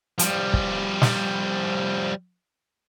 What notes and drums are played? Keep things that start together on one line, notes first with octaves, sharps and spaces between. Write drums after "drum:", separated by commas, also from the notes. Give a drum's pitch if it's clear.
F3 G3, drum: hi-hat
drum: kick
drum: snare